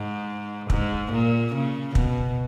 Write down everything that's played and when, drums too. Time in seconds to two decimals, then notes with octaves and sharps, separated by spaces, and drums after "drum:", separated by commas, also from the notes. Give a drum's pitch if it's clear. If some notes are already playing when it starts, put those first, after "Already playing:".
Already playing: G#2
0.70 G#2, drum: kick
1.12 A#2
1.54 C#3
1.95 B2, drum: kick